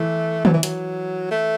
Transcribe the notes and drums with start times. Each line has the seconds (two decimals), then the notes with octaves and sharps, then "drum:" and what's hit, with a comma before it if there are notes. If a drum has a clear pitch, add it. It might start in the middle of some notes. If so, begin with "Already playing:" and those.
Already playing: E3 A3
0.45 F#3, drum: tom D#3
0.54 E3
0.63 F#3, drum: hi-hat
1.31 A3